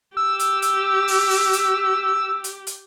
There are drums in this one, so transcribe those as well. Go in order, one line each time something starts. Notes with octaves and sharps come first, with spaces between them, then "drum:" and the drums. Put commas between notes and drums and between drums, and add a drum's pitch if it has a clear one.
G4 E6
drum: hi-hat
drum: hi-hat
drum: open hi-hat
drum: open hi-hat
drum: hi-hat
drum: hi-hat
drum: hi-hat